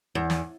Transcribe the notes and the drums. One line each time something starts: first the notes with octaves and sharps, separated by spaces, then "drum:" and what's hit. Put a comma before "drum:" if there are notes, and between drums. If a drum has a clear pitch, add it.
E2
drum: snare